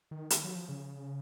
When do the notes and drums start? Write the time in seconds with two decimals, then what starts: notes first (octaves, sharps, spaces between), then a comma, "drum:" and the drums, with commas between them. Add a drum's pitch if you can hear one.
0.11 D#3
0.30 D#3, drum: hi-hat
0.43 F#3
0.56 F3
0.69 C#3